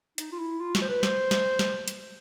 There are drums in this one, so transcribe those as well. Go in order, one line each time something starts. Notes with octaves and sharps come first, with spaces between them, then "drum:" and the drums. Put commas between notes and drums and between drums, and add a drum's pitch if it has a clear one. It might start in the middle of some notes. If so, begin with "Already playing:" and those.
D#4, drum: hi-hat
F4
E4
F4
F#4, drum: snare
C5
B4
C5, drum: snare
drum: snare
drum: snare
drum: hi-hat